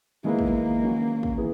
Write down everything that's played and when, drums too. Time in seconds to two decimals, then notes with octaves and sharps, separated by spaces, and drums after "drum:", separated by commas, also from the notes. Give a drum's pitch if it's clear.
0.24 D#3 G#3 A#3 B3 E4 G#4
0.39 drum: kick
0.52 A#3
0.81 D#3 F#3 C#4 F#4
1.23 drum: kick
1.37 E3 B3 E4 G#4